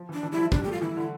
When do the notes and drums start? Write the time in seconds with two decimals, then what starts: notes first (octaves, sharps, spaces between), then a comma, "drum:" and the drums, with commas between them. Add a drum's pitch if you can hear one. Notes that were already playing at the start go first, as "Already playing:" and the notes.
Already playing: F3
0.09 E3 D4
0.23 E3
0.32 G3 E4
0.38 F3
0.52 G3 D4, drum: kick
0.63 A3 G4
0.72 F4
0.82 E3 E4
0.97 D3